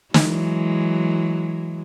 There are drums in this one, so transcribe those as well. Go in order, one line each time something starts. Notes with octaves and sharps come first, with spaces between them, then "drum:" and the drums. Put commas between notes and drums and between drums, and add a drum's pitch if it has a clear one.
E3 F#3 G#3, drum: snare